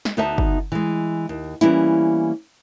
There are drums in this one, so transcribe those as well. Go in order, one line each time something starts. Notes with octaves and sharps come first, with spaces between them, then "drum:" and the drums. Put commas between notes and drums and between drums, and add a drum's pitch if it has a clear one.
drum: snare
D2 B3 D#4 C5 E5 A5
drum: kick
E3 G#3
D#2
E3 G3 A#3 B3 C#4 E4, drum: hi-hat